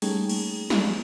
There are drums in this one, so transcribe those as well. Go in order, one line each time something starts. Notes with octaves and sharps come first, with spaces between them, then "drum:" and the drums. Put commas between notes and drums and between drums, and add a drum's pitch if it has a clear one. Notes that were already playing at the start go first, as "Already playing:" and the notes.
G3 A3 A#3 C#4 D#4 G#4, drum: open hi-hat
drum: cymbal
drum: snare